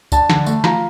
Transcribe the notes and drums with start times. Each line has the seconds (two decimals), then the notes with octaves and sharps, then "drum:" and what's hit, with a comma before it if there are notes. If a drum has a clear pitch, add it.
0.12 D4 A5, drum: kick, tambourine
0.30 D3, drum: snare
0.46 A3, drum: tambourine
0.64 F4 A#5, drum: snare